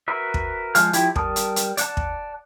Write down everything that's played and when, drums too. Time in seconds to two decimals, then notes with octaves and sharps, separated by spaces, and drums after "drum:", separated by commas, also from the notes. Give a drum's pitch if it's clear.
0.08 F#4 A#4 B4 E5
0.34 drum: kick
0.75 F3 G#3 F5 F6, drum: hi-hat
0.93 F3 E4 G4, drum: hi-hat
1.16 G3 A#4 A5 D#6, drum: kick
1.36 drum: hi-hat
1.56 drum: hi-hat
1.77 D5 F#5 A5, drum: hi-hat
1.97 drum: kick